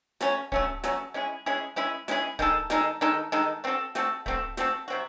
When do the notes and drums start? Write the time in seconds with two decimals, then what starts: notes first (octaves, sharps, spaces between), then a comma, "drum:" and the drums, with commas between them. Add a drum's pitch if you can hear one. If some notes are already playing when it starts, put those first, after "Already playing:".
0.21 F#3 A3 C#4, drum: snare
0.52 F#3 A3 C#4, drum: kick D1
0.84 F#3 A3 C#4, drum: snare
1.14 G#3 C#4 E4 G#4
1.46 G#3 C#4 E4 G#4
1.76 G#3 C#4 E4 G#4
2.08 G#3 C#4 E4 G#4, drum: snare
2.39 D#3 G#3 D#4 A4, drum: kick D1
2.70 D#3 G#3 D#4 A4, drum: snare
3.01 D#3 G#3 D#4 A4
3.32 D#3 G#3 D#4 A4
3.64 A3 C4 F#4 A4
3.95 A3 C4 F#4 A4, drum: snare
4.26 A3 C4 F#4 A4, drum: kick D1
4.57 A3 C4 F#4 A4, drum: snare
4.88 C3 F#3 C4 F#4